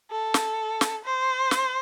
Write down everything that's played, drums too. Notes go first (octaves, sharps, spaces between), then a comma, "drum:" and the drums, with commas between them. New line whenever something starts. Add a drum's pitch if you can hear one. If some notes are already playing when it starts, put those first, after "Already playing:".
A4
drum: snare
drum: snare
C5
drum: snare